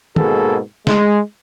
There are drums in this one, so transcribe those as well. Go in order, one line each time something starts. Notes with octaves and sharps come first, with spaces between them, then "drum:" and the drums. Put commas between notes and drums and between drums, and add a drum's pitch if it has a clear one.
G#2 B2 A#3 G#4 A4, drum: tom
G#3, drum: snare